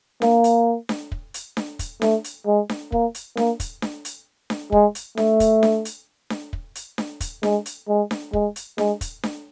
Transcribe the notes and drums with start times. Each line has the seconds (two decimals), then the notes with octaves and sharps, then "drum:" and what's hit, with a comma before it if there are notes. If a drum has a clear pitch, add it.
0.22 A#3, drum: snare D4
0.44 drum: hi-hat
0.89 drum: snare D4
1.12 drum: kick
1.34 drum: hi-hat
1.57 drum: snare D4
1.79 drum: kick, hi-hat
2.02 A3, drum: snare D4
2.24 drum: hi-hat
2.47 G#3
2.69 drum: snare D4
2.92 A#3, drum: kick
3.15 drum: hi-hat
3.37 A#3, drum: snare D4
3.60 drum: kick, hi-hat
3.82 drum: snare D4
4.05 drum: hi-hat
4.50 drum: snare D4
4.72 G#3, drum: kick
4.95 drum: hi-hat
5.17 A3, drum: snare D4
5.40 drum: kick, hi-hat
5.63 drum: snare D4
5.85 drum: hi-hat
6.30 drum: snare D4
6.53 drum: kick
6.75 drum: hi-hat
6.98 drum: snare D4
7.21 drum: kick, hi-hat
7.43 G#3, drum: snare D4
7.66 drum: hi-hat
7.88 G#3
8.11 drum: snare D4
8.33 G#3, drum: kick
8.56 drum: hi-hat
8.78 G#3, drum: snare D4
9.01 drum: kick, hi-hat
9.23 drum: snare D4